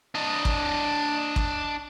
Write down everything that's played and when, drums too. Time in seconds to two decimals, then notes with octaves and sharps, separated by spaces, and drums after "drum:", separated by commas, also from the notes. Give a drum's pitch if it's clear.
0.15 D4 D#5
0.45 drum: kick
1.36 drum: kick